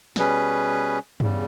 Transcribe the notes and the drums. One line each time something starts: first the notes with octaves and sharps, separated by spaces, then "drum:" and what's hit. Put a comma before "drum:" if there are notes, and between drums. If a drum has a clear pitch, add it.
B2 G3 C#4 G#4 B4, drum: snare
E2 C#3 G3, drum: tom G2